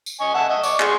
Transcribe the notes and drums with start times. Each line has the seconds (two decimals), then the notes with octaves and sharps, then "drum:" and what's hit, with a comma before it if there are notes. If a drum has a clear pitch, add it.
0.06 drum: tambourine
0.21 D#5 G#5 C#6
0.34 E5 F#5 A5
0.49 D#5 E5
0.63 D5 C#6, drum: tambourine
0.80 G#4 C6 C#6, drum: clap